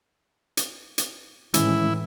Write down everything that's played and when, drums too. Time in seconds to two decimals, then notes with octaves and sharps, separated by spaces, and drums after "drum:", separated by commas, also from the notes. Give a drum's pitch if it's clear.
0.57 drum: hi-hat
0.98 drum: hi-hat
1.54 A2 D#3 E3 G#3 C#4 E4, drum: hi-hat